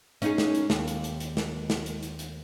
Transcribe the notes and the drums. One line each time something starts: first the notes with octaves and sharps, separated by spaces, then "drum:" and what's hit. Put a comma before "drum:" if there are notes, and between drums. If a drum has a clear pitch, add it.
C#4 D#4 G#4, drum: hi-hat
drum: snare
drum: hi-hat
D#2, drum: snare
drum: hi-hat
drum: hi-hat
drum: hi-hat
drum: snare
drum: snare
drum: hi-hat
drum: hi-hat
drum: hi-hat